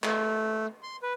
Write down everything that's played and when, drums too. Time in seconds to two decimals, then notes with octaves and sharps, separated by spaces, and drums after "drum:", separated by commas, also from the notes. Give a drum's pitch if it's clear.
0.04 A3, drum: clap
0.83 C6
1.03 B4